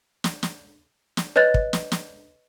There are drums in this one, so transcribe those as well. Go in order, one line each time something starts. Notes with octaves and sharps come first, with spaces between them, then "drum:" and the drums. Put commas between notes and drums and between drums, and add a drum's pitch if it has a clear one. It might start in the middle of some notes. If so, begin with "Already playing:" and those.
drum: snare
drum: snare
drum: snare
B4 C#5 D#5 F#6 A6
drum: kick
drum: snare
drum: snare